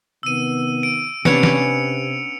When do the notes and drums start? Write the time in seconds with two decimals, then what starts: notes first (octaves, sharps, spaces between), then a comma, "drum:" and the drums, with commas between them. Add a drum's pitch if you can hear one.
0.23 C3 D#3 B3 E6 D#7
0.83 D7
1.25 C3 B3 C#4 D4 C#7 F7, drum: snare
1.43 drum: snare